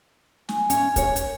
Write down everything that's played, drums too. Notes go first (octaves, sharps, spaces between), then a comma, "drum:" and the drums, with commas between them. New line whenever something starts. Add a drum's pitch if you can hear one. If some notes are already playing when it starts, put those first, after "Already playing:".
G#5, drum: snare
C#4, drum: hi-hat
A#4 C#5, drum: kick, hi-hat
drum: hi-hat